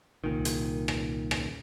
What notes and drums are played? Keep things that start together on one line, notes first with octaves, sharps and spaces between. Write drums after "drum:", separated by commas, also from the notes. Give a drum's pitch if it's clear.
C2 A#2 D#3
drum: hi-hat
drum: rim click
drum: rim click